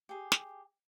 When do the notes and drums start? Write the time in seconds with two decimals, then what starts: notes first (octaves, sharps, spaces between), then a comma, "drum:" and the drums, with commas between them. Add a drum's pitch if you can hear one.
0.09 G4 G#4
0.32 drum: snare